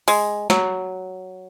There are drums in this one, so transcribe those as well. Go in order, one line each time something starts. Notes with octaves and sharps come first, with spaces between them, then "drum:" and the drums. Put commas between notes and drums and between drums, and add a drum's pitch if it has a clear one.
G#3, drum: open hi-hat
F#3, drum: snare